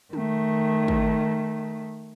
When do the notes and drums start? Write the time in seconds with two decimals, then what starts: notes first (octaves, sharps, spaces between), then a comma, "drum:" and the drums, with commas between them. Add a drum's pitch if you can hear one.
0.13 D#3 A3, drum: tom
0.88 drum: kick